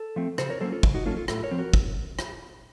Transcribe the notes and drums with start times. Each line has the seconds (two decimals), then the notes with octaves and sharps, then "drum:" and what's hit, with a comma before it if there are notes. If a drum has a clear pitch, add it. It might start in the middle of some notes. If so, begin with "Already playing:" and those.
Already playing: A4
0.16 F3 A3 C4
0.38 C#3 A4 C5, drum: rim click
0.50 A#4 C#5
0.61 F#3 A#3 C#4 A4 C5
0.72 F4 A4
0.83 C#3, drum: kick
0.94 D#4 F#4
1.06 F#3 A#3 C#4 F4 A4
1.17 F4 A4
1.28 A2 F4 A4, drum: rim click
1.43 A#4 C#5
1.51 F3 C4
1.58 F#4 A#4
1.74 drum: kick
2.19 drum: rim click